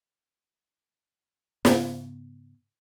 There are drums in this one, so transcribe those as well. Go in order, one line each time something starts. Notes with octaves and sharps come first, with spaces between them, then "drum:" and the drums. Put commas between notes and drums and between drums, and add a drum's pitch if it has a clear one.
G#2 C#3 B3, drum: snare